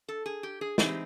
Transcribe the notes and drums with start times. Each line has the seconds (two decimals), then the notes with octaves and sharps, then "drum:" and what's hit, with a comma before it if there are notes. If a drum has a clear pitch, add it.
0.08 A4
0.26 G#4
0.43 G4
0.61 G#4
0.78 E3 G#3 C4 D#4 G4, drum: snare